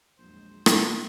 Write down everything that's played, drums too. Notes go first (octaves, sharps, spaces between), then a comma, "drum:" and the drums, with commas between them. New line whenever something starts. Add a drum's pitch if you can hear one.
A#1 E2 F#3 G#3 C5
D#2 E4, drum: rim click